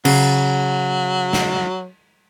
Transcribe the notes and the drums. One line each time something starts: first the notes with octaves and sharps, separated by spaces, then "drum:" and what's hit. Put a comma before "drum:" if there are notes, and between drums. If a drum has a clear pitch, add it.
C#3 F#3, drum: cymbal
drum: snare